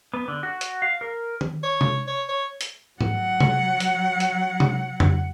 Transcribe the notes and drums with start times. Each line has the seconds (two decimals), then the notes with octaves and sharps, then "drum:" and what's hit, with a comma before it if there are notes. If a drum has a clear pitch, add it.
0.14 B3
0.28 D3
0.43 F#4
0.61 drum: hi-hat
0.82 F5
1.01 A#4
1.41 drum: tom D#3
1.63 C#5
1.81 drum: tom C3
2.07 C#5
2.29 C#5
2.61 drum: hi-hat
3.01 F#3 F#5, drum: tom G#2
3.40 drum: tom C3
3.80 drum: hi-hat
4.20 drum: hi-hat
4.60 drum: tom C3
5.00 drum: tom F2